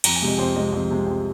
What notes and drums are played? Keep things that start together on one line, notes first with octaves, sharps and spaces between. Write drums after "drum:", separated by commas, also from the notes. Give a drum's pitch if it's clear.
F2 A#5, drum: cymbal
G#5
C3 G#3
D#5
F2 C5
C3 G#3 D#5
F2 D#5
C3 G#3
F2